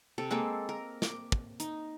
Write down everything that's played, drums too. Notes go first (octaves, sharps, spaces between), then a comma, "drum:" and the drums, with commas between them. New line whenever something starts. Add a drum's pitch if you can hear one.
C3 A4
G#3 A#3 C4 A4
A#4
D6, drum: snare
drum: kick
D#4, drum: hi-hat